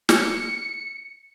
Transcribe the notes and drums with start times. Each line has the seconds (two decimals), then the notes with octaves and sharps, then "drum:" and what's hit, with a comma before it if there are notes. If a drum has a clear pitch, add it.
0.09 C#7, drum: snare